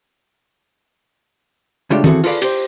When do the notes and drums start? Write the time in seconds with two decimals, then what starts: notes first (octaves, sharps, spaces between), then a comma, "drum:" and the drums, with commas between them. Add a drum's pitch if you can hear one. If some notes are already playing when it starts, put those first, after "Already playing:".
1.90 C#3 G#3 A3 D4 F4 G4
2.04 E3 C4 F#4 G#4 A4, drum: tom
2.24 F4 G#4 A4 B4 D5 F5, drum: open hi-hat
2.42 G4 C5, drum: cymbal